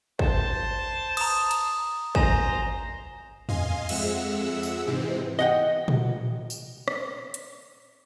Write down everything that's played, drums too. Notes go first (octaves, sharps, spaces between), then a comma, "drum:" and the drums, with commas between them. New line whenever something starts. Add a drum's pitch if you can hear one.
C5 A5, drum: kick
A#5 D#6, drum: cymbal
drum: cymbal
C5 G#5 A#5 E7, drum: kick
D#5 F5 G#5 C6, drum: tom E2
F2 G#3 E5 F#5 E6, drum: cymbal
drum: tambourine
G#2 C3 E3 G#3 C4
D#5 F#5 G5
drum: tom A#2
drum: tambourine
drum: rim click
drum: hi-hat